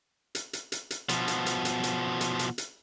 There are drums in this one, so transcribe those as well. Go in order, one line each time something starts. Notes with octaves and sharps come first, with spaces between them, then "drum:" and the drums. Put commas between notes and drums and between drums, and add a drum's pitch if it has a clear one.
drum: hi-hat
drum: hi-hat
drum: hi-hat
drum: hi-hat
B2 F3, drum: hi-hat
drum: hi-hat
drum: hi-hat
drum: hi-hat
drum: hi-hat
drum: hi-hat
drum: hi-hat
drum: hi-hat